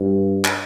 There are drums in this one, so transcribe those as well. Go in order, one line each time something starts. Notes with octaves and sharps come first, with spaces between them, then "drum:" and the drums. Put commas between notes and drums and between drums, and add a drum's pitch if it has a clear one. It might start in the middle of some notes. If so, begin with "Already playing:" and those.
Already playing: G2
drum: clap